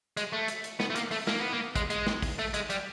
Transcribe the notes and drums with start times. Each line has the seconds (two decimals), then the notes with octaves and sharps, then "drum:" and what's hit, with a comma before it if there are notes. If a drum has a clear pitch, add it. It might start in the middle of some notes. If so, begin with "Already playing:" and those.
0.17 G#3, drum: hi-hat
0.33 A3
0.48 drum: hi-hat
0.64 drum: hi-hat
0.80 B3, drum: snare
0.90 A3
0.96 A#3, drum: hi-hat
1.11 A3, drum: open hi-hat
1.27 A#3, drum: snare
1.40 B3
1.52 A#3
1.76 G#3, drum: kick, hi-hat
1.90 G#3, drum: hi-hat
2.07 drum: snare
2.22 drum: kick, open hi-hat
2.39 A3
2.54 G#3, drum: hi-hat
2.70 G3, drum: hi-hat